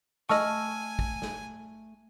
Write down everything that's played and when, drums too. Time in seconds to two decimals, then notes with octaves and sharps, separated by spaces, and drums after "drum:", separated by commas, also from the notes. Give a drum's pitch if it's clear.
0.29 A3 D#5 G#5 A5 C#6 E6 F6, drum: snare
0.99 drum: kick
1.22 drum: snare